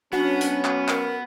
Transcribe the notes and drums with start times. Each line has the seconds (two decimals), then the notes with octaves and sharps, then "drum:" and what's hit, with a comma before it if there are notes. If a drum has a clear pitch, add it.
0.13 F#3 B3 C#4 D4 F#4
0.41 drum: hi-hat
0.65 drum: clap
0.88 A#4, drum: clap